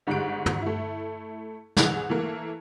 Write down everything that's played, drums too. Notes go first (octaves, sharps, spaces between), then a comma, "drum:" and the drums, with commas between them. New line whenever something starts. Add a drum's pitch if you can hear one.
G1 G#2 G3 G#3 F#6 D7
drum: tom
A3 E4
C2 E3 G#4 F#6 F7, drum: snare
E3 A3 A#3